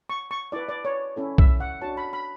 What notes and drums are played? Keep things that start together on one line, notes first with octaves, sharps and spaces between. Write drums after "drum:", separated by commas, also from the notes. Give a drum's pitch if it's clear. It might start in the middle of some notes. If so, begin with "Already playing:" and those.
C#6
C#6
E4 B4 D5
D5
C#5
C#4 E4 A4
E5, drum: kick
F#5
D4 F#4 C#5 A5
B5
B5